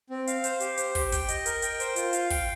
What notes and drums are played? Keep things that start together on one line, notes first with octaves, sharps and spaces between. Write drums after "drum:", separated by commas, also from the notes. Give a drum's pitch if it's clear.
C4
F5, drum: hi-hat
C5, drum: hi-hat
G4, drum: hi-hat
C5, drum: hi-hat
G4, drum: kick, open hi-hat
G5, drum: kick, hi-hat
D#5, drum: hi-hat
A#4, drum: hi-hat
G5, drum: hi-hat
C5, drum: hi-hat
F4, drum: hi-hat
F5, drum: hi-hat
G5, drum: kick, open hi-hat